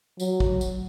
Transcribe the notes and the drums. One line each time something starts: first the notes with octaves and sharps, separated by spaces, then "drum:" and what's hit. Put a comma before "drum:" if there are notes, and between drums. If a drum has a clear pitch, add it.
F#3, drum: tambourine
drum: kick
drum: tambourine